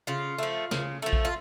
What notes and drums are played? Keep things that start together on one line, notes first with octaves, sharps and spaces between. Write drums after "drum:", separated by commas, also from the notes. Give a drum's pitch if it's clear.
C#3 F4
F3 A3
C#3, drum: snare
F3 A3
drum: kick A#1
F4